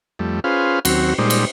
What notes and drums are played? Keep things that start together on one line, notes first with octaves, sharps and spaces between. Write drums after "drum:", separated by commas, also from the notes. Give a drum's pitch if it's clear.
F2 G3 A3
C#4 F4 G#4 B4 C5 F5
D#2 F#3 C4 F#4, drum: cymbal
A#2 G3 G#3 D#4 C5 D5
drum: cymbal